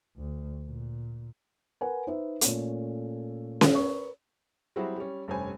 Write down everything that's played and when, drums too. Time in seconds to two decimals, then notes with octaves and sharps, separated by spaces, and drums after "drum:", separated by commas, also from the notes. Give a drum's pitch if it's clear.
0.17 D2
0.65 A#2
1.81 A#4 B4 F#5 G#5
2.07 D#4 B4 C5 E5
2.41 A#2 A3 C#4 A4, drum: hi-hat
3.61 drum: snare C#4
3.75 A#4 B4 C#6
4.76 F#3 G3 C4 E4 F#4 G#4
4.96 G3 C#4
5.28 F1 G2 C#4 C5 G#5